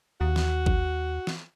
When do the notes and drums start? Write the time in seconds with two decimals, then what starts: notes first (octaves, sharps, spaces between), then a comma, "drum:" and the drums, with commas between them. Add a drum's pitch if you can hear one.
0.21 D#2 F#4
0.36 drum: snare
0.66 drum: kick G#1
1.27 drum: snare